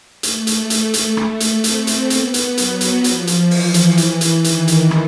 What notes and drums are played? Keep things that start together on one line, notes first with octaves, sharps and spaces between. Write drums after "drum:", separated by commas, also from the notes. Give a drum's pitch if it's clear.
A3, drum: hi-hat
drum: hi-hat
A3, drum: hi-hat
drum: hi-hat
drum: rim click
drum: hi-hat
C4, drum: hi-hat
drum: hi-hat
B3, drum: hi-hat
drum: hi-hat
F#3, drum: hi-hat
drum: hi-hat
F3, drum: hi-hat
drum: hi-hat
E3, drum: open hi-hat
drum: hi-hat
drum: hi-hat
drum: hi-hat
D#3, drum: hi-hat
drum: hi-hat
drum: rim click